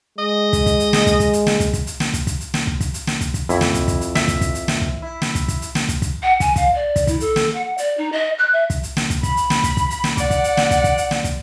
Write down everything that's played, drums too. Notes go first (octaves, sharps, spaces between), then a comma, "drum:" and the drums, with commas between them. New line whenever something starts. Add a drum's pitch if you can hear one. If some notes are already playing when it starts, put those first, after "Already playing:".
G#3 D#5
drum: kick, hi-hat
drum: kick, hi-hat
drum: hi-hat
drum: snare
drum: kick, hi-hat
drum: kick, hi-hat
drum: hi-hat
drum: snare
drum: kick, hi-hat
drum: kick, hi-hat
drum: hi-hat
drum: snare
drum: kick, hi-hat
drum: kick, hi-hat
drum: hi-hat
drum: snare
drum: kick
drum: kick, hi-hat
drum: hi-hat
drum: snare
drum: kick, hi-hat
drum: kick, hi-hat
F2 E4, drum: hi-hat
drum: snare
drum: kick, hi-hat
drum: kick, hi-hat
drum: hi-hat
E5, drum: snare
drum: kick, hi-hat
drum: kick, hi-hat
drum: hi-hat
drum: snare
drum: kick
E4
drum: snare
drum: kick, hi-hat
drum: kick, hi-hat
drum: hi-hat
drum: snare
drum: kick, hi-hat
drum: kick, hi-hat
F#5
G#5, drum: kick, hi-hat
F5, drum: kick, hi-hat
D5
drum: kick, hi-hat
E4, drum: kick, hi-hat
A4, drum: hi-hat
drum: snare
F#5
D5, drum: hi-hat
D#4
D#5
F#6
E5
drum: kick, hi-hat
drum: hi-hat
drum: snare
drum: kick, hi-hat
B5, drum: kick, hi-hat
drum: hi-hat
drum: snare
drum: kick, hi-hat
drum: kick, hi-hat
drum: hi-hat
drum: snare
D5 F#5, drum: kick, hi-hat
drum: kick, hi-hat
drum: hi-hat
drum: snare
drum: kick, hi-hat
drum: kick, hi-hat
drum: hi-hat
drum: snare
drum: kick, hi-hat